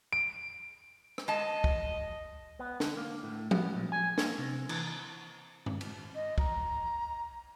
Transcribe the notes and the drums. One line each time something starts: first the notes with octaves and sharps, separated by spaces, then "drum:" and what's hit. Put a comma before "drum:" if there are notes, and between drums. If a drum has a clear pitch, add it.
D7
drum: rim click
G#3 D#5 A5
drum: kick
B3
D3, drum: snare
A#3
A2
B3, drum: tom F3
A#2
G#5
A#3, drum: snare
C3
E3, drum: cymbal
drum: tom G2
drum: cymbal
D#5
A#5, drum: kick